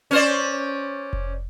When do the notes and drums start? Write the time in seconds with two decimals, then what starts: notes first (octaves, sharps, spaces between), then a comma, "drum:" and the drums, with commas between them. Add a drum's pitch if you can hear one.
0.11 C#4 C5 D5
1.13 drum: kick F1